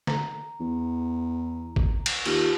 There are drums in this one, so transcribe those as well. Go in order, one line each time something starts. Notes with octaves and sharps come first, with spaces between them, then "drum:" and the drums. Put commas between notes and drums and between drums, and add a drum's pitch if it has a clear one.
A#5, drum: snare
E2
drum: kick G#1
drum: cymbal
D#2 F4 G4, drum: cymbal